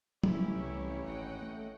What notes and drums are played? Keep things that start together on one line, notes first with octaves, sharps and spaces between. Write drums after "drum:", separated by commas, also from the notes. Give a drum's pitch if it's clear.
A1 C#4 E4 G4, drum: tom
C2 C#5
G#1 D#5 F#5 G5
A3